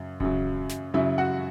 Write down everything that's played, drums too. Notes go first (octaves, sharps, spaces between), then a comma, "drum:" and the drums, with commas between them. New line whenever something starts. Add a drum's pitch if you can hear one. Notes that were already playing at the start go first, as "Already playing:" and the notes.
Already playing: F#2 C#3
F#2 C#3 F#3, drum: kick D1
drum: snare
F#2 C#3 F#3 E4 E5
F#4 F#5